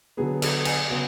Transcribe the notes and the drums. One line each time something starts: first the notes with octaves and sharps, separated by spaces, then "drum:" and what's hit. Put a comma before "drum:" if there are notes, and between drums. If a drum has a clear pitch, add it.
D3 F#3 B3 G#4
A4, drum: cymbal
G#5, drum: cymbal
C#3 F#3 B3